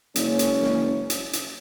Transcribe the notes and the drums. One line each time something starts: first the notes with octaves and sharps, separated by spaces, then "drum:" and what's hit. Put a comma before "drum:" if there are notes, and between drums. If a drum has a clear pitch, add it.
F#1 G#3 A#3 C#4, drum: hi-hat
drum: hi-hat
drum: snare
drum: hi-hat
drum: hi-hat